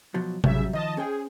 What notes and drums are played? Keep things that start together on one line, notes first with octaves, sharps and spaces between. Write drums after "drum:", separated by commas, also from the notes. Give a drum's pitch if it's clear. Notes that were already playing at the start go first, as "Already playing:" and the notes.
B2 F3 F#3
A1 C#3 F#3 G3 E5, drum: tom C3
D#3 F3 D#5 A5
C#4 G#4 C5 G5